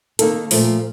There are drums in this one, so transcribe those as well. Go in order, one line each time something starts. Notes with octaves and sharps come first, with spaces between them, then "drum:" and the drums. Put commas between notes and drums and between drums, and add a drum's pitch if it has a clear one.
D#3 A#3 D#4 A4, drum: hi-hat
A#2 F3 A3, drum: open hi-hat